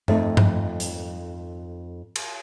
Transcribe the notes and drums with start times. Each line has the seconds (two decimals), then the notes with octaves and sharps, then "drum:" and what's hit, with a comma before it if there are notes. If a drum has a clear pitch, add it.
0.08 F2 A3 D#4, drum: tom G2
0.37 drum: tom G2
0.80 drum: hi-hat
2.16 drum: cymbal